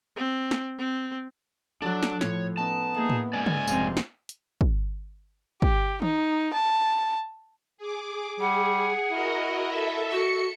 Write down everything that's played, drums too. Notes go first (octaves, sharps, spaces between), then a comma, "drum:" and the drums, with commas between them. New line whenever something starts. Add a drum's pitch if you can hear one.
C4
drum: snare
C4
F#3 D4 A4 F#6
drum: snare
A2 F3 C#5, drum: snare
B3 C#4 D#4 A5
E3 A#3 D#4 G#4
drum: tom A2
G#3 C#4 D5 G#5
drum: tom C#3
F1 G#2 C4 F5, drum: tambourine
drum: snare
drum: hi-hat
drum: kick
G4, drum: kick
D#4, drum: tom
A5
G#4 D6
G3 G#4 F#5
E4 F#4 A#4 D#5
A4 E5
F#4 C#7